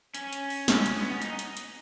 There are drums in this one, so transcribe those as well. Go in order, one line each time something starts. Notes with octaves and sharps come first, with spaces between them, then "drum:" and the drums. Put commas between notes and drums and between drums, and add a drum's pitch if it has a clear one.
C#4, drum: hi-hat
drum: hi-hat
drum: open hi-hat
drum: snare
drum: hi-hat
B3
C#4
D#4, drum: hi-hat
drum: hi-hat
drum: hi-hat